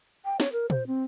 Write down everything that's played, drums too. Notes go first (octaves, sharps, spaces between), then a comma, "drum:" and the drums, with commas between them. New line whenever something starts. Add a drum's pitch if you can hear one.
G5
C#5, drum: snare
A#4
C5, drum: tom
C4